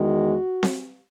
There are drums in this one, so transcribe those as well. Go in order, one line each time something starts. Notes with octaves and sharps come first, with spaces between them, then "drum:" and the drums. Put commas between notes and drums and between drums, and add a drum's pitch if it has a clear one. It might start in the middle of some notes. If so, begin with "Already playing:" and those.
Already playing: E2 D#3 G#3 F#4
drum: snare C4